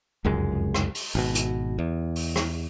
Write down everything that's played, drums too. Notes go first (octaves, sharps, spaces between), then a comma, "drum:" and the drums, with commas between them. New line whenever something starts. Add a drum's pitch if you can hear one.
F1 C#2 F#2 G#3
drum: rim click
drum: open hi-hat
G#1 B2
drum: hi-hat
E2
drum: open hi-hat
drum: rim click